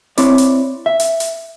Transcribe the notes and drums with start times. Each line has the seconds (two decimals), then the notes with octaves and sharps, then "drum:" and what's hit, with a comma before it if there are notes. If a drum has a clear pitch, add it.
0.18 C4 E4 C#5 D5, drum: hi-hat
0.38 drum: hi-hat
0.86 E5
1.00 drum: hi-hat
1.20 drum: hi-hat